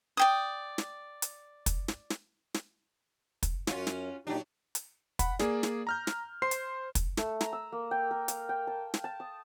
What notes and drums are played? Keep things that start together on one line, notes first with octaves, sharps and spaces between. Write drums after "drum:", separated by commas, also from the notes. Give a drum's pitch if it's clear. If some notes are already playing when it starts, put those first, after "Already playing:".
D5 G5 D#6
drum: snare
drum: hi-hat
drum: kick, hi-hat
drum: snare
drum: snare
drum: snare
drum: kick, hi-hat
F#2 C#4 F4 F#4, drum: snare
drum: snare
A#2 F#3 D4 D#4 G4
drum: hi-hat
F#5 B5, drum: kick, hi-hat
A#3 G#4 D5, drum: snare
drum: snare
A#5 F6 G6
drum: snare
C5 C6 C7
drum: hi-hat
drum: kick, hi-hat
A3, drum: snare
A#5, drum: snare
E6
A#3
G5
A#4
F5, drum: hi-hat
G5
A5
drum: snare
A5
D#6